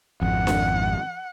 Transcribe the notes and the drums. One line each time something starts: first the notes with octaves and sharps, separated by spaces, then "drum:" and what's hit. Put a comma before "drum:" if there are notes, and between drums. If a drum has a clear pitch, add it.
G#1 F2 F#5
drum: snare D4